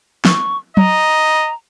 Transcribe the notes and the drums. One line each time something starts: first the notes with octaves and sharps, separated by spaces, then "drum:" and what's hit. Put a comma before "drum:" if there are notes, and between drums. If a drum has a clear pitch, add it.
C#6, drum: snare
D#5 A#5, drum: tom F#3